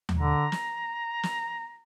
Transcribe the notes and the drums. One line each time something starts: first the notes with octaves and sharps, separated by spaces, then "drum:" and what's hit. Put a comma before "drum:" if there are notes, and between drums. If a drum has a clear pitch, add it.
drum: tom D#2
D3 A#5
drum: snare
drum: snare